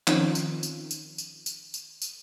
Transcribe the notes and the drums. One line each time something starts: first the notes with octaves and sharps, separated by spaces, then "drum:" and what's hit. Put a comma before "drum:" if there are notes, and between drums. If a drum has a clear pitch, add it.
D#3 F3 C4 C#4 D#4 F4, drum: clap
drum: tambourine
drum: tambourine
drum: tambourine
drum: tambourine
drum: tambourine
drum: tambourine
drum: tambourine